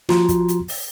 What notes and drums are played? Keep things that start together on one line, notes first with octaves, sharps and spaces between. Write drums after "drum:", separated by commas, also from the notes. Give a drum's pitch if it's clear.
F3 F4 F#4 A#5 C6, drum: snare
drum: kick, hi-hat
drum: hi-hat
drum: open hi-hat